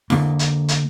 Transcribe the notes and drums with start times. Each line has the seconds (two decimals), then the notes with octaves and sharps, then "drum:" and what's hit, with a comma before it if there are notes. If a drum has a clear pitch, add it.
0.10 D3 A#3, drum: snare E4
0.39 drum: hi-hat
0.68 drum: hi-hat